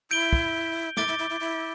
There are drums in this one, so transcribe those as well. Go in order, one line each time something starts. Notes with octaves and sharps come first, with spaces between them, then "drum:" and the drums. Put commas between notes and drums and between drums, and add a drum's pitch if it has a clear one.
E4 G6 D7 G7
drum: kick
E4 D6 A6 D7 G7, drum: snare
E4
E4
E4
E4